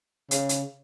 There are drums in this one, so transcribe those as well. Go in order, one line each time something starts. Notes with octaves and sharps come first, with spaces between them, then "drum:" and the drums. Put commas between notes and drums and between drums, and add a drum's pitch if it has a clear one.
C#3, drum: hi-hat
drum: hi-hat